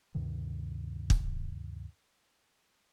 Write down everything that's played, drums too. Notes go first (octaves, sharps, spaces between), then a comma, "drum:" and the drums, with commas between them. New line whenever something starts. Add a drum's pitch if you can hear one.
D2 G2 C3 D#3
drum: kick